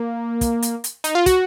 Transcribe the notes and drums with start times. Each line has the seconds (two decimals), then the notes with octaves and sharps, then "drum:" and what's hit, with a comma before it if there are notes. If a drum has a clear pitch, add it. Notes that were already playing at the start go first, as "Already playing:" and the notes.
Already playing: A#3
0.41 drum: kick, hi-hat
0.62 drum: hi-hat
0.84 drum: hi-hat
1.04 D#4, drum: hi-hat
1.15 F4
1.26 F#4, drum: kick, hi-hat